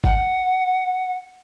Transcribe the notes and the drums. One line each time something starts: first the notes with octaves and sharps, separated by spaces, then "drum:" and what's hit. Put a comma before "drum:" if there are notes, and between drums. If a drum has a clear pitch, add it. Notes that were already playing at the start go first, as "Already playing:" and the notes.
F#5, drum: kick G#1